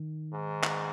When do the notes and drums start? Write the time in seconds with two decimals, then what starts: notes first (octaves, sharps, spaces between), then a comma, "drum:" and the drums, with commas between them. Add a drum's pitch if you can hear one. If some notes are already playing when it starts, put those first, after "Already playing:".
Already playing: D#3
0.33 G#2
0.63 drum: clap